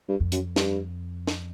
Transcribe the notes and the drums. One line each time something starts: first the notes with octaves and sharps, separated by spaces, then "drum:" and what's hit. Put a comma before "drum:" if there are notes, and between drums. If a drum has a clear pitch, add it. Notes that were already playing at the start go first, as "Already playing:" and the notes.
G2
F2
F#2, drum: hi-hat
G2, drum: snare
drum: snare